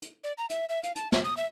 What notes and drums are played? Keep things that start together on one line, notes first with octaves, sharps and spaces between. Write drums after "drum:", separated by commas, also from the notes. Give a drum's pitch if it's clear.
drum: hi-hat
D5
A#5
E5, drum: hi-hat
E5
F5, drum: hi-hat
A5, drum: hi-hat
E5, drum: snare
D#6
E5